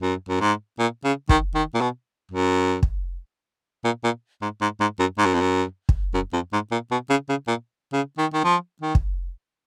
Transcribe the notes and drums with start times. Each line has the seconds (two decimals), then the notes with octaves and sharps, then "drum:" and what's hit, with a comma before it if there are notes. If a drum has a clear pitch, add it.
0.02 F#2
0.29 F#2
0.41 G#2
0.79 A#2
1.04 C#3
1.29 D#3, drum: kick
1.55 D#3
1.75 A#2
1.81 B2
2.31 F#2
2.83 drum: kick
3.84 A#2
4.04 A#2
4.42 G#2
4.61 G#2
4.80 G#2
4.99 F#2
5.18 G#2
5.26 F#2
5.34 F2
5.41 F#2
5.89 drum: kick
6.14 F#2
6.33 F2
6.53 G#2
6.72 A#2
6.91 B2
7.10 C#3
7.29 C#3
7.48 A#2
7.93 C#3
8.18 D#3
8.34 D#3
8.44 F3
8.82 D#3
8.95 drum: kick